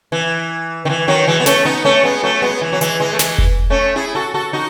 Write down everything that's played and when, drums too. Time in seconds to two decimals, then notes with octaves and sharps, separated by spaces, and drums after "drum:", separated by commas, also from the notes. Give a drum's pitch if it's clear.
0.12 E3
0.85 D#3
0.89 E3
1.08 D#3 F#3
1.27 E3 G#3
1.40 B3
1.46 A3 C#4, drum: snare
1.65 B3 D#4
1.85 A3 C#4
2.04 G#3 B3
2.23 F#3 A3
2.42 G#3 B3
2.61 E3
2.72 F#3
2.81 E3 G#3, drum: hi-hat
3.00 E3 G#3
3.13 A3
3.19 E3 G#3, drum: snare
3.38 drum: kick F1
3.70 A3 C#4
3.96 E4 G#4
4.15 F#4 A4
4.34 F#4 A4
4.53 D#4 F#4